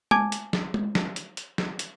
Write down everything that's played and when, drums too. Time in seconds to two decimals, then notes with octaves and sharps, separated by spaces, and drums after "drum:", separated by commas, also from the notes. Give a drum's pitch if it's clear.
0.11 G#5 A5 D6 G#6, drum: tom G#3
0.32 drum: hi-hat
0.53 drum: snare
0.74 drum: tom G#3
0.95 drum: snare
1.16 drum: hi-hat
1.37 drum: hi-hat
1.58 drum: snare
1.79 drum: hi-hat